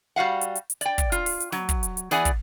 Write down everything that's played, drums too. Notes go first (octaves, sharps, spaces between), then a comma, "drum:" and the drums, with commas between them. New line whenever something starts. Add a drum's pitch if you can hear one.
G3 F#4 F5 F#5
drum: hi-hat
drum: hi-hat
drum: hi-hat
D5 G5, drum: hi-hat
drum: kick, hi-hat
F4, drum: hi-hat
drum: open hi-hat
drum: hi-hat
F#3, drum: snare
drum: kick, hi-hat
drum: hi-hat
drum: hi-hat
E3 G#4 D5 F#5 G#5, drum: snare
drum: kick, hi-hat